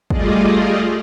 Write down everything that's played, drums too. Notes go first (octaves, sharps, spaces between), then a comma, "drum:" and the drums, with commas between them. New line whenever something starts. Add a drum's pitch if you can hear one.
G3 A3 F4 G#4 D5 D#5, drum: kick